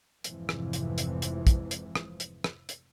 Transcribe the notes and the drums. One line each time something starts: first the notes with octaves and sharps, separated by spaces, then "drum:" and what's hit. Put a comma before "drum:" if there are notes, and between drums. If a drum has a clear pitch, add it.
F1 F2 G#2 C3 E3 F3, drum: hi-hat
drum: rim click
drum: hi-hat
drum: hi-hat
drum: hi-hat
drum: kick, hi-hat
drum: hi-hat
drum: rim click
drum: hi-hat
drum: rim click
drum: hi-hat